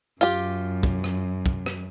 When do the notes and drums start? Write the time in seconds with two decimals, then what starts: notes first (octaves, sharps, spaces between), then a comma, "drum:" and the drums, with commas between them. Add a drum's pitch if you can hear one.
0.21 F#2 F4 G4
0.83 drum: kick
1.04 drum: rim click
1.46 drum: kick
1.66 drum: rim click